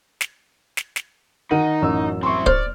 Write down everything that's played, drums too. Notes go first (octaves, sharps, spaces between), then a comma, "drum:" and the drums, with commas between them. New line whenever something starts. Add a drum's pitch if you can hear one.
drum: snare
drum: snare
drum: snare
D#3 D#4 A#4 F#5 D#7
A1 F#2 F#3 E6
C4 E4 C6 C#6
C5 D5 F6, drum: kick